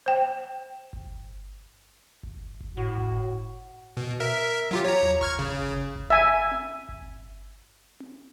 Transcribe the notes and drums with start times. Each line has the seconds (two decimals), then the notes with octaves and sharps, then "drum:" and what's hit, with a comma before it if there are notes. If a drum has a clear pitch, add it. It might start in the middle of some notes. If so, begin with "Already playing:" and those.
0.06 C5 G5
0.93 drum: kick G1
2.23 drum: kick G1
2.61 drum: kick G1
2.77 A2 F#4
2.98 drum: kick G1
3.97 B2
4.20 A#4 E5
4.71 F#3 F4 G4
4.85 C#5 A#5
5.03 drum: tom D#2
5.21 C#6 F6 G#6, drum: kick G1
5.39 C#3
5.58 drum: kick G1
5.96 drum: kick G1
6.10 E5 G#5
6.51 drum: tom C4
6.89 drum: kick G1
8.00 drum: tom C4